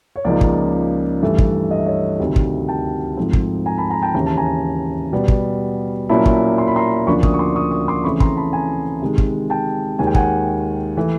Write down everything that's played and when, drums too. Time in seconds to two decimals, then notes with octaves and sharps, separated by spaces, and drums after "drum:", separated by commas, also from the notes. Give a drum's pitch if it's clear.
0.16 C#5
0.25 C#2 C#3 F3 A#3 D#4 D5
0.41 drum: kick
1.22 G2 E3 A3
1.38 drum: kick
1.71 D#5
1.79 E5
1.86 C#5 D#5
2.20 D2 C3 D#3
2.36 drum: kick
2.68 G5 A5
3.17 G#2 F3 A3 C4
3.33 drum: kick
3.66 G#5 A#5
3.78 A5 B5
3.90 G#5 A#5
4.02 G5 A5
4.14 D#2 C#3 E3 A#5
4.26 A5
4.37 G#5 A#5
5.12 B2 G3 B3
5.28 drum: kick
6.09 A#2 F#3 A#3 C#4 E4 A5 B5
6.26 drum: kick
6.58 C6
6.67 B5
6.76 A#5 C6
7.06 D2 C#3 F3 A#3 D4 B5 C#6
7.23 C#6 D#6, drum: kick
7.34 C#6
7.39 C6 D6
7.56 C#6 D#6
7.71 C#6 D#6
7.88 C6 D6
8.04 C#3 E3 A3 C4 B5 C#6
8.20 A#5 C6, drum: kick
8.37 A5 B5
8.53 G#5 A#5
9.02 C3 D#3 G#3
9.18 drum: kick
9.50 G5 A5
9.99 D#2 D#3 G#3 G#5
10.07 G5
10.15 F#5 G#5, drum: kick
10.97 E3 A3